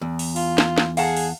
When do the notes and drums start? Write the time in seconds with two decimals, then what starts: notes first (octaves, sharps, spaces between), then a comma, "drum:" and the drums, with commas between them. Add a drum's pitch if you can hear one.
0.01 E2
0.19 drum: open hi-hat
0.36 F4, drum: open hi-hat
0.58 drum: snare
0.78 drum: snare
0.97 G#4 F5 F#5 A5, drum: open hi-hat
1.17 drum: open hi-hat